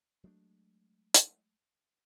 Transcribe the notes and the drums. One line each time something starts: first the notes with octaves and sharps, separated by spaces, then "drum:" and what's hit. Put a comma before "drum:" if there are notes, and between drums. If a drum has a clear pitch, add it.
F#3 G#3 A3 D4
drum: hi-hat